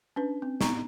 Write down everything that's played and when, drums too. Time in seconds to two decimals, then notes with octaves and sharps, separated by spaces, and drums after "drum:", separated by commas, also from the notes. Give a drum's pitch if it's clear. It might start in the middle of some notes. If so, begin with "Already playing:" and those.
0.16 C#4 D4 B4
0.42 C4
0.61 B3 D#4 A#5 C#6, drum: snare